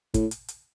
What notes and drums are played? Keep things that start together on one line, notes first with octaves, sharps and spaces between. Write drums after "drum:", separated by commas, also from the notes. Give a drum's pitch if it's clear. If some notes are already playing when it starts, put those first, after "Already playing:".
A2, drum: kick, hi-hat
drum: hi-hat
drum: hi-hat